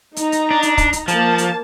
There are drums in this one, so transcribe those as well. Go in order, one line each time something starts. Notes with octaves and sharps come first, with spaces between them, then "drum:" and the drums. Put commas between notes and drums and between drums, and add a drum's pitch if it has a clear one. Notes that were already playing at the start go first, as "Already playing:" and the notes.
D#4 A#5, drum: hi-hat
drum: hi-hat
D4
drum: hi-hat
drum: kick, hi-hat
drum: hi-hat
F3 A#3 A5, drum: hi-hat
drum: hi-hat